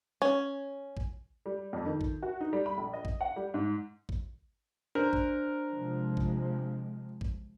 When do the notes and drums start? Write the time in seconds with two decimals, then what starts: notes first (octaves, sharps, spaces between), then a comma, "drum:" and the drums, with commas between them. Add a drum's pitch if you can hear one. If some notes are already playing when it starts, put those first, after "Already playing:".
0.22 C#4
0.97 drum: kick A1
1.46 G3
1.73 F2
1.86 D#3
2.01 drum: kick A1
2.23 F#4
2.41 D#4
2.53 G3
2.66 B5
2.78 A#1
2.93 D#5
3.05 drum: kick A1
3.21 F#5
3.36 G3
3.54 G#2
4.09 drum: kick A1
4.95 D4 A#4 C5
5.13 drum: kick A1
5.73 C3 F3 G#3
6.17 drum: kick A1
7.21 drum: kick A1